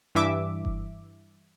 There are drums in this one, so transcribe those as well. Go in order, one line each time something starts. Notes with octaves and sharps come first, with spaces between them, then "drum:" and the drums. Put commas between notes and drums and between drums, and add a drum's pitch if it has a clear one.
G2 E3 E5 D6
drum: kick F#1